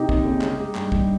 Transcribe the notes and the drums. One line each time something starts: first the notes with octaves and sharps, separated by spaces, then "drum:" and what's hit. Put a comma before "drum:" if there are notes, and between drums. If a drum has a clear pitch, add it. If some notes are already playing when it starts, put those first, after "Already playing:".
Already playing: C3 D#4 G4
D#2, drum: kick
C#3
G#3, drum: clap
G#3
G2, drum: clap
G2, drum: kick